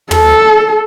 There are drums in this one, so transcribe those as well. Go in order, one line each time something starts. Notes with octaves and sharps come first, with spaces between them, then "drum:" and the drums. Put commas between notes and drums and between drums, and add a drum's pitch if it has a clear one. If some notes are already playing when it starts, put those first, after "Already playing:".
A4, drum: tom